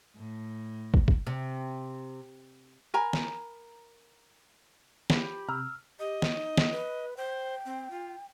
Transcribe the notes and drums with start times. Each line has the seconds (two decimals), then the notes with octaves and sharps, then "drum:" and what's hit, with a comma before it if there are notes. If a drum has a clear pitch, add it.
0.16 A2
0.94 drum: kick
1.08 drum: kick
1.27 C3
2.94 A#4 G#5 A#5 B5
3.13 drum: snare
5.10 F3 G4 B4 B5, drum: snare
5.49 C3 A#5 E6 F6
5.99 G4 D#5
6.22 drum: snare
6.36 D#4
6.57 drum: snare
6.71 B4
7.17 C5 G5
7.65 C4
7.90 F4